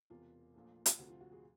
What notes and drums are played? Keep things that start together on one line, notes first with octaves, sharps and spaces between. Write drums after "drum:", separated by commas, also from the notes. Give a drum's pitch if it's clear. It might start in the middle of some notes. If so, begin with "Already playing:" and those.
E1 E2 C3 F4
A#1 A#2 F3 A3
drum: hi-hat
D2 C3 F3 F#4
F4
F#4
F#4 G#4